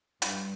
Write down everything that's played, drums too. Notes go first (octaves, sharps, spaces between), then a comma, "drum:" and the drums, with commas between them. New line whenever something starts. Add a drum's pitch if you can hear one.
G2, drum: hi-hat